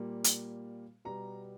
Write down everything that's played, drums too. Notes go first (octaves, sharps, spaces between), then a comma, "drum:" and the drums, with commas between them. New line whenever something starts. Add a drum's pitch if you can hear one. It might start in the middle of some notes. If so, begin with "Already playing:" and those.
Already playing: A#2 G3 A#3
drum: hi-hat
B2 G3 B3 A#5